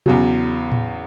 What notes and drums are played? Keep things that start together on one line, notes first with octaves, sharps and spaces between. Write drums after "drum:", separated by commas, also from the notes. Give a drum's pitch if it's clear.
E2 C#3 F#3, drum: tom B2
drum: tom A2